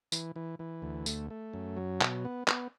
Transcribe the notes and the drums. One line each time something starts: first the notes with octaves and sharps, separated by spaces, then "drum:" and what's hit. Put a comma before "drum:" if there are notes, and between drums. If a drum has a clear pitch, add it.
E3, drum: tambourine
E3
E3
D2
A3, drum: tambourine
A3
F#2
F#3
B2, drum: clap
B3
B3, drum: clap